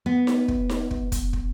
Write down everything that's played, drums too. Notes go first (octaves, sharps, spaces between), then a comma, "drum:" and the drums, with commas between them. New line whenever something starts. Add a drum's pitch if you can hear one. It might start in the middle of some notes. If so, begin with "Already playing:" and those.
B3
drum: snare D#4
drum: kick
drum: snare D#4
drum: kick
drum: kick, hi-hat
drum: kick